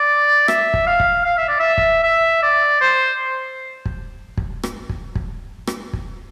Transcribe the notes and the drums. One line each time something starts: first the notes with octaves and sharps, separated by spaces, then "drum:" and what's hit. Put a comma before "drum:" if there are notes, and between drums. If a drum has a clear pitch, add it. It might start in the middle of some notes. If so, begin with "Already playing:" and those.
Already playing: D5
E5, drum: rim click
drum: kick
F5
drum: kick
F5
E5
D5
E5
drum: kick
E5
D5
C5
drum: kick
drum: kick
drum: rim click
drum: kick
drum: kick
drum: rim click
drum: kick